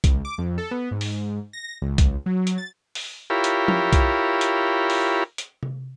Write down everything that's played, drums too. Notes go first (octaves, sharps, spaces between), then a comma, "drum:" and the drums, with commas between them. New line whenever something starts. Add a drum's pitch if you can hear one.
C#2, drum: kick B1, hi-hat
D6
F2
A4
B3
G#2
drum: open hi-hat
A#6
C#2
drum: kick B1, hi-hat
F#3
drum: hi-hat
A6
drum: open hi-hat
E4 F4 G4 A#4 C#5 B5
drum: hi-hat
drum: tom F3
drum: kick B1, hi-hat
drum: hi-hat
drum: open hi-hat
drum: hi-hat
drum: tom C3